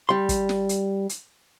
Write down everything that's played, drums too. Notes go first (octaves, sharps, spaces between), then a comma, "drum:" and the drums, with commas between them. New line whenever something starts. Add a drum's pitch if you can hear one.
G3 C6
drum: kick, hi-hat
drum: snare
drum: hi-hat
drum: hi-hat